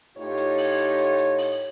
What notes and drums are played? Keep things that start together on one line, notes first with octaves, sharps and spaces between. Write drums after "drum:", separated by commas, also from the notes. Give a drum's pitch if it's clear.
A2 D#4 F4 G4 C#5
drum: hi-hat
drum: open hi-hat
drum: hi-hat
drum: hi-hat
drum: hi-hat
drum: open hi-hat